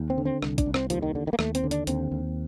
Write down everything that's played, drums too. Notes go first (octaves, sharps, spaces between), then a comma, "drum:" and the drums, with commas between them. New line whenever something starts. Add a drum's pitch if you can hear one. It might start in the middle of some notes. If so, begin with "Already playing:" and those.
Already playing: D#2
C4
D3
C4
C2, drum: rim click
D4, drum: kick, hi-hat
C2
C4, drum: rim click
D#2 F3, drum: hi-hat
D#3
D3
D#3
A#3
D#2 A3, drum: rim click
C4, drum: hi-hat
D3
D4, drum: hi-hat
D#2 C4, drum: hi-hat
D#2